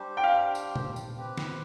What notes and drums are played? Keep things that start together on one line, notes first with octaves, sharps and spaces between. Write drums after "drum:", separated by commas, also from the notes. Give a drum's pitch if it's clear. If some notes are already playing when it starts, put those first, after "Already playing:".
Already playing: G3 D4 G4 C5
G5
F5
drum: tambourine
drum: tom A#2
drum: tambourine
C4 G4 B4
drum: snare